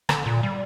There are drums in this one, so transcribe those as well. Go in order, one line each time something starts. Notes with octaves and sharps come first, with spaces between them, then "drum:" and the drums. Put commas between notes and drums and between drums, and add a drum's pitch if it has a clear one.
D3, drum: rim click
A#2
G3